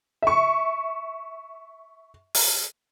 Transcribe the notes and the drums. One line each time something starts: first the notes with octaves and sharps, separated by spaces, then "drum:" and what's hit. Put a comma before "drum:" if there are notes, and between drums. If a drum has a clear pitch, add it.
E5 C#6
drum: open hi-hat